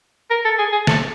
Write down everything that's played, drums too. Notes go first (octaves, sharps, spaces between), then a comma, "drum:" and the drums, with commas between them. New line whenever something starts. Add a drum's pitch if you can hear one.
A#4
A4
G#4
G#4
A4, drum: snare